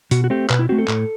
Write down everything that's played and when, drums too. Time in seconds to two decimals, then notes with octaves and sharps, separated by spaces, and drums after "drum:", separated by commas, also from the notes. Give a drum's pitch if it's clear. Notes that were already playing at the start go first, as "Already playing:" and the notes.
0.11 B2 F#4, drum: hi-hat
0.24 F#4
0.30 A3 C4 G4
0.50 B2 B4, drum: clap
0.59 E4
0.69 A3 C4 F#4
0.78 A4
0.88 A2, drum: clap